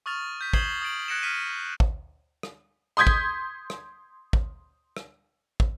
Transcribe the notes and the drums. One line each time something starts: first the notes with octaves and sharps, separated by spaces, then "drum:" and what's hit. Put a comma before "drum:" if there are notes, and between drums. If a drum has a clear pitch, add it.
C#6 D#6 F6 A6 F7
G6 B6
D#6 G#6 C7 E7 F#7 G7, drum: kick
D#6 A6 D7 F#7
F#6 G#6 A#6 C#7 D7 E7
F6 B6 D#7
drum: kick
drum: rim click
C6 D#6 G6 G#6 B6
drum: kick
drum: rim click
drum: kick
drum: rim click
drum: kick